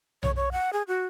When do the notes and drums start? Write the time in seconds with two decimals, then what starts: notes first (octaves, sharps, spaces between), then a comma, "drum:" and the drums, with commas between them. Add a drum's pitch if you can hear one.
0.23 C#5, drum: tom B1
0.36 C#5
0.52 F#5
0.73 G#4
0.88 F#4